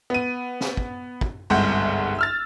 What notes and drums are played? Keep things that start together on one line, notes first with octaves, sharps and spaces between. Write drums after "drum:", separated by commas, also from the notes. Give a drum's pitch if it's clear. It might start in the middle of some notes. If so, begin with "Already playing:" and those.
B3 D#7
drum: snare
drum: kick
drum: kick
G1 C2 G#2 F#5 G6
E6 F6 A6